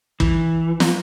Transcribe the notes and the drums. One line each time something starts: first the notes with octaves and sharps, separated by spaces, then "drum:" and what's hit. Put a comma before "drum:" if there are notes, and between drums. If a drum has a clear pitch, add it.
E3, drum: kick
drum: snare